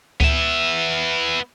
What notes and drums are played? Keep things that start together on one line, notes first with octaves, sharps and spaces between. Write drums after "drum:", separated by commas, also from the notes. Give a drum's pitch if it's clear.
B3 E5, drum: kick C#2